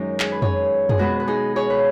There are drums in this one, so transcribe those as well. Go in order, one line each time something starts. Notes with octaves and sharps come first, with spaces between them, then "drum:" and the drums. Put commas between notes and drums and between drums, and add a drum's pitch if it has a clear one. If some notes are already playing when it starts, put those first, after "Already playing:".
Already playing: F#2 D#3 G#3 C#4 D#4 C#5
G#4, drum: clap
B4
G#4 C#5, drum: tom
G#4, drum: tom
B2 G#3 B3 F#4 B4
B4
D#4 G#4
G#4 C#5
B4